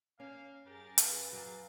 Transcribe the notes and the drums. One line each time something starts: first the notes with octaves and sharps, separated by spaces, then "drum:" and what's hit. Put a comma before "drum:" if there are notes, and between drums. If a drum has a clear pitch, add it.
A#3 C#4 F5
F#2 G4 G#4 A#4 A6
B4 F5, drum: hi-hat
F#3 A#3